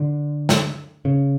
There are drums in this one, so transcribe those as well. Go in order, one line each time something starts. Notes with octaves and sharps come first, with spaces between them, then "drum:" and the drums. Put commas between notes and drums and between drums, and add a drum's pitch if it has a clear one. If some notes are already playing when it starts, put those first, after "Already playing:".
Already playing: D3
drum: snare
C#3